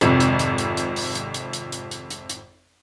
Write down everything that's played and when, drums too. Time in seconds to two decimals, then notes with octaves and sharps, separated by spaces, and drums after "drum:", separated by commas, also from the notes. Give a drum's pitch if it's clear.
0.01 G#1 F2 C3, drum: hi-hat
0.20 drum: hi-hat
0.39 drum: hi-hat
0.58 drum: hi-hat
0.77 drum: hi-hat
0.96 drum: open hi-hat
1.15 drum: hi-hat
1.34 drum: hi-hat
1.53 drum: hi-hat
1.72 drum: hi-hat
1.91 drum: hi-hat
2.10 drum: hi-hat
2.29 drum: hi-hat